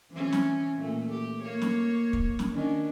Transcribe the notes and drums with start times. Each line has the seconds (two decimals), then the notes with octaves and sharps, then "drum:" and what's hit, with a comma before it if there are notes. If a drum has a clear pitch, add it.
0.12 E3 C4 C#4
0.33 drum: snare
0.77 A#2 A3
1.10 G4
1.43 A#3 C#5
1.62 drum: snare
2.13 drum: kick
2.39 drum: snare
2.53 D#3 C#4 D4